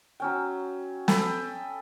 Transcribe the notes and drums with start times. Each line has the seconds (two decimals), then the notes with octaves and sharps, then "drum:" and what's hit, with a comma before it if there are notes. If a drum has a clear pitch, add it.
0.20 F#3 C#4 G5
1.08 A4 G5 B5 D#6, drum: snare